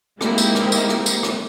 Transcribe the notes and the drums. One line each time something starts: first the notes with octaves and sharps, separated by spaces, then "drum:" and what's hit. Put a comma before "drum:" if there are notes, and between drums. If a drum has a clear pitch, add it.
G#3 A#3 C4 D#4 E4 G4, drum: rim click
drum: tambourine
drum: rim click
drum: tambourine
drum: rim click
drum: tambourine
drum: rim click